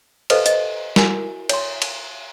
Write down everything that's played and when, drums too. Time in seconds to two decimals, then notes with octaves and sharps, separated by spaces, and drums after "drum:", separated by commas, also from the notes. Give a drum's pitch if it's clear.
0.30 G4 A4 B4 C5 D#5 F5, drum: cymbal
0.46 D#5, drum: hi-hat
0.96 E4 F#4 A#4 G#5, drum: snare
1.49 C#5 C6, drum: cymbal
1.82 drum: cymbal